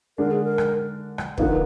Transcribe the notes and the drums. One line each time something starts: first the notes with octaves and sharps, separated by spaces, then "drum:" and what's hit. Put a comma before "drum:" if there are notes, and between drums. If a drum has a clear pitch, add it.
D3 G#3 D4 A#4
G#4
A#4
drum: rim click
drum: rim click
D3 F3 A#3 D#4 B4, drum: kick